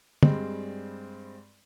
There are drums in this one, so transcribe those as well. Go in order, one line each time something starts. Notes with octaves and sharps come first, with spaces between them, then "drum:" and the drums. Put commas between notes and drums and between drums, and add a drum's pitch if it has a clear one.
G2 G3 G#3 C4, drum: tom